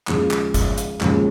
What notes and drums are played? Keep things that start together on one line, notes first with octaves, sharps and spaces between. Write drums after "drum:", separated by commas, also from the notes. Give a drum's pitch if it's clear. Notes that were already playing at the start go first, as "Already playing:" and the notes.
D#2 C#3 F3 G#3, drum: clap
drum: clap
drum: kick, hi-hat
drum: hi-hat
D#2 C#3 F3 G#3, drum: clap